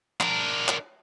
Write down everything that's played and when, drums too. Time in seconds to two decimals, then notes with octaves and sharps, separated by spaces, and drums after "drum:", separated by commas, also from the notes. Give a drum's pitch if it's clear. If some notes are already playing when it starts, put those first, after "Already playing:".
0.20 D4 A#4, drum: clap
0.68 drum: clap